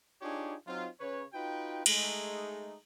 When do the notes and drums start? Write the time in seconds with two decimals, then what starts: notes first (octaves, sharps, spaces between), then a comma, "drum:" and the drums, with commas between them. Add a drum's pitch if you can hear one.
0.22 D4 D#4 F4 G4 G#4 C#5
0.67 F#3 C4 D#4 F4
0.99 C#3 B4 C#5
1.33 D#4 F4 F#4 B4 G5
1.86 G#3 A3 D#4, drum: cymbal